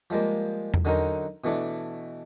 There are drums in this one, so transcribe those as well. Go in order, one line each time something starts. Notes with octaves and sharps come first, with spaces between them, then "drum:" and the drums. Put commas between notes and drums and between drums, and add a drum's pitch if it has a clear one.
F3 G3 G#3 A#3
drum: tom E2
D3 F#3 C#4 D#4 A#4 C5
B2 E3 A3 D4 E4